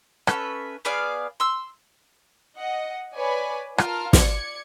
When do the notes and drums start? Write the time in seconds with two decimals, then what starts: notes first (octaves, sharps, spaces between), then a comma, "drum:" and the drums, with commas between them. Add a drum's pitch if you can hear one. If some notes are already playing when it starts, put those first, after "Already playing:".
0.27 C#4 A4 B4 E5, drum: rim click
0.85 B3 G#4 D5 F5
1.40 C6 E6
2.57 D#5 F#5
3.15 B4 C#5 D5 G#5 B5
3.78 F4 A#4 A5 F6, drum: rim click
4.13 D5 G#6 C#7, drum: snare